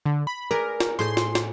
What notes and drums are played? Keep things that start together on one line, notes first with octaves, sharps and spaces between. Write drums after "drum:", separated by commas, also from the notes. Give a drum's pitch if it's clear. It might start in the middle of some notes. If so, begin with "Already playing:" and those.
D3
B5
G#4 A#4 B4 D5
drum: snare
A2 G#4 C5 C6
drum: snare
drum: snare